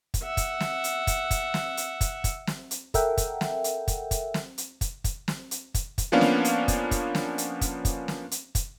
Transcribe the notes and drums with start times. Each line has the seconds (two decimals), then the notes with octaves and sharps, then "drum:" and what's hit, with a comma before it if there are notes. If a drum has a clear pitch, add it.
0.14 drum: kick, hi-hat
0.23 E5 F#5
0.37 drum: kick, hi-hat
0.60 drum: snare
0.84 drum: hi-hat
1.07 drum: kick, hi-hat
1.31 drum: kick, hi-hat
1.54 drum: snare
1.77 drum: hi-hat
2.01 drum: kick, hi-hat
2.24 drum: kick, hi-hat
2.47 drum: snare
2.71 drum: hi-hat
2.94 A4 A#4 E5 F#5 G5, drum: kick, hi-hat
3.17 drum: kick, hi-hat
3.41 drum: snare
3.64 drum: hi-hat
3.88 drum: kick, hi-hat
4.11 drum: kick, hi-hat
4.34 drum: snare
4.58 drum: hi-hat
4.81 drum: kick, hi-hat
5.04 drum: kick, hi-hat
5.28 drum: snare
5.51 drum: hi-hat
5.74 drum: kick, hi-hat
5.98 drum: kick, hi-hat
6.12 F3 A#3 B3 C#4 D4 F5
6.21 drum: snare
6.45 drum: hi-hat
6.68 drum: kick, hi-hat
6.91 drum: kick, hi-hat
7.15 drum: snare
7.38 drum: hi-hat
7.61 drum: kick, hi-hat
7.85 drum: kick, hi-hat
8.08 drum: snare
8.31 drum: hi-hat
8.55 drum: kick, hi-hat